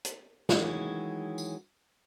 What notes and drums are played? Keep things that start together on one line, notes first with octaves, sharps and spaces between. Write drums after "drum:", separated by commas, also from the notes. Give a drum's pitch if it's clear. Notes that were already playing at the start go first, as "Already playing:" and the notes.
drum: hi-hat
D#3 E3 F#3 G#3 C#4 E4, drum: snare
drum: tambourine